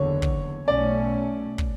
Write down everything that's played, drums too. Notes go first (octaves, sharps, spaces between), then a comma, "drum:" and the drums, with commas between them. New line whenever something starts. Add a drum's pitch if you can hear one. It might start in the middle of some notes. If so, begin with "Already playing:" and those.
Already playing: F#1 E2 D3 C#5
drum: kick
B1 B2 A3 C#4 D5
drum: kick